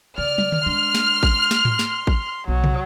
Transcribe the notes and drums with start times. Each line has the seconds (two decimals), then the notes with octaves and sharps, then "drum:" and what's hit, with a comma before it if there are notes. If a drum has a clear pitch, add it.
0.18 C#3 D5 F6
0.38 drum: tom
0.52 drum: tom D3
0.66 G#3 D4 C6
0.95 drum: snare
1.23 drum: kick A1
1.51 drum: snare
1.65 drum: tom A2
1.79 drum: snare
2.07 drum: kick A1
2.48 B1 F#3
2.64 drum: tom